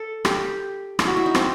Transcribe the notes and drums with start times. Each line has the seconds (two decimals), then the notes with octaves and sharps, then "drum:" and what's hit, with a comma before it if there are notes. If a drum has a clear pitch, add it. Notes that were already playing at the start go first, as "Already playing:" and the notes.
Already playing: A4
0.25 G4, drum: rim click
0.99 E4, drum: rim click
1.07 F#4
1.17 E4
1.26 D#4
1.35 C4, drum: rim click